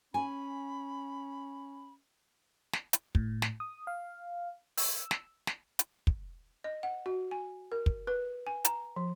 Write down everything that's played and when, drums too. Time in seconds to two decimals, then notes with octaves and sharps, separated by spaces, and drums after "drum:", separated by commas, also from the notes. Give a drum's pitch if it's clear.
0.14 C#4 G#5 B5
2.73 drum: snare
2.93 drum: hi-hat
3.15 A2, drum: kick
3.42 drum: snare
3.60 D#6
3.87 F5
4.77 E6, drum: open hi-hat
5.11 drum: snare
5.47 drum: snare
5.79 drum: hi-hat
6.07 drum: kick
6.64 D#5
6.83 F#5
7.06 F#4
7.31 G#5
7.72 A#4
7.86 drum: kick
8.07 B4
8.47 G#5
8.65 A#5, drum: hi-hat
8.96 F3